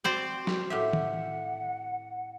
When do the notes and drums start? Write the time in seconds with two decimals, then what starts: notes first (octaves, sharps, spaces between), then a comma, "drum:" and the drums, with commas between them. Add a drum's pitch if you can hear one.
0.04 C4 F#4 C5 D5
0.47 drum: snare
0.70 A2 G4 E5 F#5
0.93 drum: tom D#3